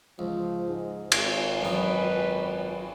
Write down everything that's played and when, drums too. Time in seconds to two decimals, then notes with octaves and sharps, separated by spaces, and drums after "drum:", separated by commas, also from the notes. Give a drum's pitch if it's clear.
0.19 C#2 F3
0.68 G#2
1.12 G#1, drum: cymbal
1.62 F#2 D#4 B4